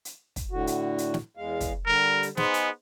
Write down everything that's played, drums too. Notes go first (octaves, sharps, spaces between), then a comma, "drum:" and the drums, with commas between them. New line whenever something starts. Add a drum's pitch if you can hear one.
drum: hi-hat
drum: kick, hi-hat
A2 D3 F#4
drum: hi-hat
drum: hi-hat
drum: snare
E2 G#3 F5
drum: kick, hi-hat
D3 G3 A#4
drum: hi-hat
B3 D#4 G#4 C5, drum: snare
drum: hi-hat